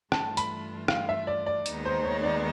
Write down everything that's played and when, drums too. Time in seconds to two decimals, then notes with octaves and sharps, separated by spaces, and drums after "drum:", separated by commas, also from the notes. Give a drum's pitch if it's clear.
0.12 G2 E3 A3 D4 F4 A5, drum: rim click
0.37 B5, drum: hi-hat
0.88 F5, drum: rim click
1.09 E5
1.27 D5
1.46 D5
1.66 D#2 D#3 G#3 B3 D#4, drum: hi-hat
1.85 C5
2.05 C#5
2.23 D5